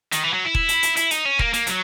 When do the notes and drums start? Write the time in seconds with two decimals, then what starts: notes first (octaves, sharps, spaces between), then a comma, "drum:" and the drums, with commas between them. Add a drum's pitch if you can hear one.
0.12 D#3, drum: hi-hat
0.23 E3
0.33 F#3
0.45 E4
0.55 drum: kick E1
0.69 drum: hi-hat
0.83 drum: hi-hat
0.96 E4, drum: hi-hat
1.11 D#4, drum: hi-hat
1.25 C#4
1.39 A#3, drum: kick E1
1.54 A#3, drum: hi-hat
1.67 F#3, drum: hi-hat